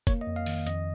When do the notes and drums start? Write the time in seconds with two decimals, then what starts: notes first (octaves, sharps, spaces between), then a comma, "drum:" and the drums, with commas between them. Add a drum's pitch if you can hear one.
0.07 A#3 C#5, drum: kick, hi-hat
0.21 D#5
0.27 F2
0.36 F5
0.46 D#3, drum: open hi-hat
0.66 F2 D#5, drum: hi-hat